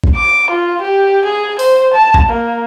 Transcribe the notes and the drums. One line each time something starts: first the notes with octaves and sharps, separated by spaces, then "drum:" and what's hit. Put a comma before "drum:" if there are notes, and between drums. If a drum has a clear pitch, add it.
drum: kick
D6
F4
G4
G#4
C5, drum: open hi-hat
A5
drum: kick
A#3